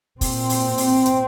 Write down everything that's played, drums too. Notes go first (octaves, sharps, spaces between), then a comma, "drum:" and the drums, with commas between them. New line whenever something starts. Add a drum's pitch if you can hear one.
A#2 C4, drum: kick, open hi-hat
drum: open hi-hat
drum: open hi-hat
drum: hi-hat